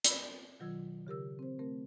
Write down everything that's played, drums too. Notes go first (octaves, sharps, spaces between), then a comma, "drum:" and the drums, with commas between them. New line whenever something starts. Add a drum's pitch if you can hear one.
B5 E6, drum: hi-hat
B2 D#3 F#3 F4 E6 G#6
C#3 G4 A#4 E6
C4 C5
A3 C4 A#4